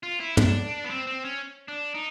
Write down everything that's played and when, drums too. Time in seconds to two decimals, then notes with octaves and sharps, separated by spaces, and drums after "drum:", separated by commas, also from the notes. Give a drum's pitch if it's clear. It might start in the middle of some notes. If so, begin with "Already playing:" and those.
0.03 F4
0.20 E4
0.37 D4, drum: tom
0.84 B3
0.90 C4
1.07 C4
1.25 C#4
1.68 D4
1.95 D#4